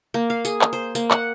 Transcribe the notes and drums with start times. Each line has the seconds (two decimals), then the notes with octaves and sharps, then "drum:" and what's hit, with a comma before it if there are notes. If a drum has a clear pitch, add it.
0.14 A#3
0.30 F5
0.45 G#4, drum: tambourine
0.62 drum: clap
0.73 C5
0.95 A#3, drum: tambourine
1.11 F#5, drum: clap